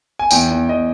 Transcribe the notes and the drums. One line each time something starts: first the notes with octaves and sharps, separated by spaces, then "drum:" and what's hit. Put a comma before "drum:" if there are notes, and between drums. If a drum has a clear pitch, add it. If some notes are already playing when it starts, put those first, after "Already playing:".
G#5
E2 G5, drum: tambourine
E2
E2 D#5